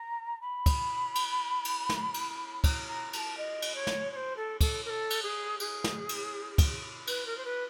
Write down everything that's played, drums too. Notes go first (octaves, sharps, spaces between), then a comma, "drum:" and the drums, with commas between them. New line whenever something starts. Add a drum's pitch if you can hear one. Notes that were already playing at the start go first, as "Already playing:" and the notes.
Already playing: A#5
B5
drum: kick, cymbal
drum: cymbal
drum: cymbal
drum: snare
drum: cymbal
A#5, drum: kick, cymbal
A#5
A#5, drum: cymbal
A5
D#5
drum: cymbal
C#5
drum: snare
C#5
C5
A4
A4, drum: kick, cymbal
A#4
A4
drum: cymbal
G#4
G#4, drum: cymbal
drum: snare
drum: cymbal
drum: kick, cymbal
B4, drum: cymbal
A#4
C5
B4